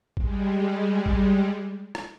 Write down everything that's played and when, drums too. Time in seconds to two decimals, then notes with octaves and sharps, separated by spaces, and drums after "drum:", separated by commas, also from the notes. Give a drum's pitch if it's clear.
0.17 G3 G#3, drum: kick
1.06 drum: kick
1.95 drum: rim click